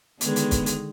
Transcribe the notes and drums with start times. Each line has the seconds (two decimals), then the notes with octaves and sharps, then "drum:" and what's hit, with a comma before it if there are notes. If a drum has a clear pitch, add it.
0.21 D3 D#3 G#3 B3, drum: hi-hat
0.36 drum: hi-hat
0.51 drum: kick, hi-hat
0.66 drum: hi-hat